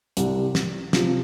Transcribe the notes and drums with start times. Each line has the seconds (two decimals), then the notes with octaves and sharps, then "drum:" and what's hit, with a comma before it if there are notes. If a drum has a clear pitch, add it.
0.17 C2 C3 G3, drum: hi-hat
0.55 drum: snare
0.93 C3 F3 C4 F4, drum: snare